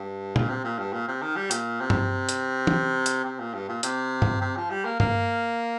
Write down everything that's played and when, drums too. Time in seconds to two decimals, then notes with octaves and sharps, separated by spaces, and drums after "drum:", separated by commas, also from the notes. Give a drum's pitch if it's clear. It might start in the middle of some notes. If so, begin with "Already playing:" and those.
Already playing: G2
0.36 A#2, drum: tom
0.49 C3
0.64 A#2
0.79 G2
0.93 A#2
1.08 C3
1.22 D#3
1.36 G3
1.51 A#2, drum: hi-hat
1.80 C3
1.90 drum: tom G2
2.29 drum: hi-hat
2.67 drum: tom
3.06 drum: hi-hat
3.25 C3
3.39 A#2
3.54 G2
3.69 A#2
3.83 C3, drum: hi-hat
4.22 drum: tom G2
4.41 C3
4.56 F3
4.71 G3
4.85 A#3
5.00 A#3, drum: tom G2